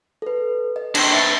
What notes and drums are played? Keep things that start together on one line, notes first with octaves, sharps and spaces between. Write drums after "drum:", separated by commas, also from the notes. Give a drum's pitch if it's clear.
A4 B4
D#5
D4 C5, drum: cymbal
B4 E5 A5